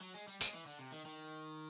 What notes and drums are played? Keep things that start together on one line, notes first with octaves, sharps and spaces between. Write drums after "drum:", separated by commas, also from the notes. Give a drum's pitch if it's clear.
F#3
G#3
G3
G#3, drum: tambourine
E3
D3
C3
D#3
D#3